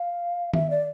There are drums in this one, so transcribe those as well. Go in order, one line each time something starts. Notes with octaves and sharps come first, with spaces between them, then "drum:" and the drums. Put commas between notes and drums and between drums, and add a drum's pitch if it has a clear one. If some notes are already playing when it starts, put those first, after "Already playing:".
Already playing: F5
E5, drum: tom D#3
D5